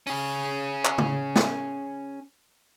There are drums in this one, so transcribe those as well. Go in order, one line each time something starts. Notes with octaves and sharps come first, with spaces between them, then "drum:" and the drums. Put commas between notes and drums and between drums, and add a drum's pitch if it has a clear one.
C#4 G#4, drum: open hi-hat
drum: clap
drum: tom
drum: snare